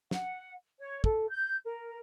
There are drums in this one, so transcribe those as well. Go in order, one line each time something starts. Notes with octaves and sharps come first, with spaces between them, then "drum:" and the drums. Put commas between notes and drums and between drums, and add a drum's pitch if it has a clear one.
F#5, drum: snare
C#5
A4, drum: kick
G6
A#4